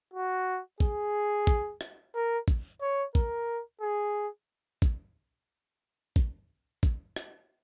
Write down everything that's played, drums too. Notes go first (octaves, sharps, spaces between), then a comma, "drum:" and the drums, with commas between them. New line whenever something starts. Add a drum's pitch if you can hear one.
F#4
G#4, drum: kick
drum: kick
drum: rim click
A#4
drum: kick
C#5
A#4, drum: kick
G#4
drum: kick
drum: kick
drum: kick
drum: rim click